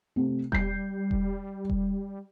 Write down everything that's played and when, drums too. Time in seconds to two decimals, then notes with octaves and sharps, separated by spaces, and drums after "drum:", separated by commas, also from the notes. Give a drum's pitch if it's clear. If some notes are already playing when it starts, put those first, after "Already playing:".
0.16 C3 A3
0.52 G3 G6 C7, drum: kick E1
1.11 drum: kick E1
1.70 drum: kick E1